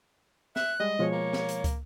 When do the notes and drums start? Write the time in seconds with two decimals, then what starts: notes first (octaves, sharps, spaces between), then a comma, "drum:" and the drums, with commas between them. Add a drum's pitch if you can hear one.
0.56 E5 F#6, drum: snare
0.80 G3 G#3 D#5
0.99 B2 F3 G#3 C#5
1.12 A#3
1.33 drum: snare
1.49 drum: hi-hat
1.64 drum: kick, hi-hat